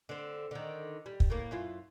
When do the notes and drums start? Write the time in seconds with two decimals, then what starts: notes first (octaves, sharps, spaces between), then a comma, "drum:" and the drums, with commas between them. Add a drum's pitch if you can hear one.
0.09 D3 C4
0.51 D3 D#3
1.06 G3
1.20 drum: kick
1.30 A2 A#3
1.51 F#2 E4 F4